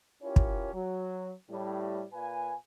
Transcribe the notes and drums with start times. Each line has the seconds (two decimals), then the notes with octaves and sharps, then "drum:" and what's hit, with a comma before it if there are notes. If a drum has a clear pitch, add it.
0.22 C#4 E4 F4 G4 A#4 C#5
0.36 drum: kick
0.74 F#3
1.51 A2 G3
2.13 A#2 B4 F5 G#5